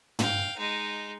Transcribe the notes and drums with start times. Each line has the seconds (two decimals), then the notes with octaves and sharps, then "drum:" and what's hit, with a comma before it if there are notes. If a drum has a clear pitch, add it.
0.19 F5 G5, drum: tom
0.57 G#3 D#4